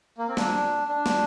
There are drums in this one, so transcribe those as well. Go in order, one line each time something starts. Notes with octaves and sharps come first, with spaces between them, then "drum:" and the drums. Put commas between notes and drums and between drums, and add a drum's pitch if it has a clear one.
A#3
C4
D4, drum: snare
D4
drum: snare